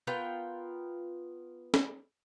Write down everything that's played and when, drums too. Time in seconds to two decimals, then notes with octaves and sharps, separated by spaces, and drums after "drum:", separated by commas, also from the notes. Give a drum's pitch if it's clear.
0.07 B3 F4 A#4 G5
1.74 drum: snare